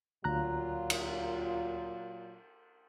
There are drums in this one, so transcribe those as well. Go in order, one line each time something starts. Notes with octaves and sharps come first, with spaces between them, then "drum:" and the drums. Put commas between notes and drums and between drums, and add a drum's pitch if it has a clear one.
D2 A#2 F#3 F4 A#5 F#6
drum: cymbal